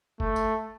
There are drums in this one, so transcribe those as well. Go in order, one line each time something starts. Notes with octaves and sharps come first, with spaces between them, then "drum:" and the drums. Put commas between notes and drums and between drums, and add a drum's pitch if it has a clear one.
A3, drum: kick G1
drum: tambourine